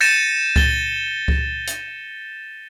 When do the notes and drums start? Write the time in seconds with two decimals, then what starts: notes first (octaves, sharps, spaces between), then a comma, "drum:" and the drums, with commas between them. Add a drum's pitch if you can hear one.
0.01 G6 A6 A#6 C#7 D#7 E7
0.56 A6 G7, drum: kick C#2
1.28 drum: kick C#2
1.67 drum: hi-hat